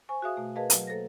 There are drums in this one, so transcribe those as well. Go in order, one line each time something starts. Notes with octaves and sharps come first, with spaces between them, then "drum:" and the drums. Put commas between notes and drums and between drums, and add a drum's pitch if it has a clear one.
C5 G#5 C#6
F#4 G#4 E5 F5 D#6
B2 A3
G#4 A#4 B4 D#5 F5 A5
F#3, drum: hi-hat
A#3 A4 C5 A#6